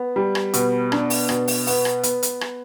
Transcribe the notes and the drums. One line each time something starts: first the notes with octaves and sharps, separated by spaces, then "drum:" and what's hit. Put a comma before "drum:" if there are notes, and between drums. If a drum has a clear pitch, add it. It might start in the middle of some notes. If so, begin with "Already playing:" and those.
Already playing: B3
G3
drum: rim click
B2, drum: hi-hat
D4, drum: rim click
drum: open hi-hat
B2, drum: rim click
drum: open hi-hat
B3, drum: open hi-hat
drum: rim click
B3, drum: hi-hat
drum: hi-hat
drum: rim click